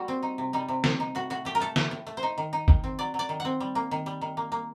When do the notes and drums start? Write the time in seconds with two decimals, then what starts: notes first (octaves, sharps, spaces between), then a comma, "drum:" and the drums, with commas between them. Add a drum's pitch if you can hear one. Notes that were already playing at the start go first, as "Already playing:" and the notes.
Already playing: G3 A#3 F#4
0.08 C4
0.23 D#4
0.38 C3
0.53 G3 D#4
0.68 C3
0.84 C4, drum: snare
1.00 D#4
1.15 A2 F#4
1.30 A2 F#4
1.45 A3 G4
1.55 A#4
1.60 A3 A4
1.76 A3, drum: snare
1.91 A2
2.07 A3
2.17 C5
2.23 D#4
2.38 D#3
2.53 D#4
2.68 D#3, drum: kick
2.84 C4
2.99 F#3 D5
3.14 F#3
3.19 D5
3.29 D#3
3.40 F#5
3.45 C4
3.60 G3
3.75 A#3
3.91 D#3
4.06 G3
4.21 D#3
4.37 A#3
4.52 A#3